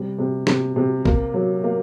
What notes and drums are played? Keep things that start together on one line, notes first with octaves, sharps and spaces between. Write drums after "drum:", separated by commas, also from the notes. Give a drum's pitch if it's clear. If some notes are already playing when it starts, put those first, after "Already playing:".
Already playing: C3 G3
C3
C3, drum: snare
C3
A#3, drum: kick
F#3
A#3